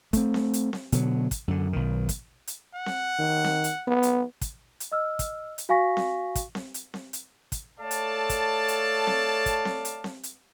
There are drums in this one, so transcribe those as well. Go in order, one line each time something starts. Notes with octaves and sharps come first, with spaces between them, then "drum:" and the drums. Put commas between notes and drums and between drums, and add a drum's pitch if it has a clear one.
A3 C4, drum: kick, hi-hat
drum: snare C4
drum: hi-hat
drum: snare C4
B2 D3 F#3, drum: hi-hat
drum: kick, hi-hat
F#2 D3
B1 D#3
drum: kick, hi-hat
drum: hi-hat
F#5
drum: snare C4
D#3
drum: snare C4
drum: hi-hat
B3
drum: hi-hat
drum: kick, hi-hat
drum: hi-hat
D#5 E6 F6
drum: kick, hi-hat
drum: hi-hat
F#4 F5 G#5 C#6 A#6 B6
drum: snare C4
drum: kick, hi-hat
drum: snare C4
drum: hi-hat
drum: snare C4
drum: hi-hat
drum: kick, hi-hat
A3 A4 C#5 D5 F5 A5
drum: hi-hat
drum: kick, hi-hat
drum: hi-hat
drum: snare C4
drum: kick, hi-hat
drum: snare C4
drum: hi-hat
drum: snare C4
drum: hi-hat